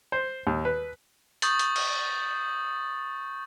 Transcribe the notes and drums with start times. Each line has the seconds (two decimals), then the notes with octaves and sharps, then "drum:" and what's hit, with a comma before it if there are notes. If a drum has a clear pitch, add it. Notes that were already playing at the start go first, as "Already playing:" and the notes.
0.12 C5
0.47 D#2
0.65 B4
1.42 C#6 D#6 G6 A6 F#7, drum: hi-hat
1.59 drum: hi-hat
1.76 drum: cymbal